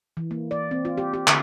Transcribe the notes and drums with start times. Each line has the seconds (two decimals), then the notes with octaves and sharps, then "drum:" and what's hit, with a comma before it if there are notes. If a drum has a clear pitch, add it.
0.17 E3
0.31 A#3
0.51 D5
0.71 C4
0.85 F4
0.97 G4
1.14 G4
1.27 D3, drum: clap